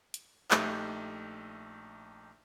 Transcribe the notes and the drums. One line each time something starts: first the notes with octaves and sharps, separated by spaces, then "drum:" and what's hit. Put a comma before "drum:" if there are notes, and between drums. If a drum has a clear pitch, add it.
drum: hi-hat
A#1 A3 D#4 G4 E5, drum: clap